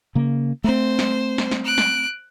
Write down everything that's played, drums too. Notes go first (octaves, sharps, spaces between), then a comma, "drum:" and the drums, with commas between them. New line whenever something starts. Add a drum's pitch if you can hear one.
C#3 A#3
A3 C4 C5
drum: snare
drum: snare
drum: snare
F#6 D7
drum: snare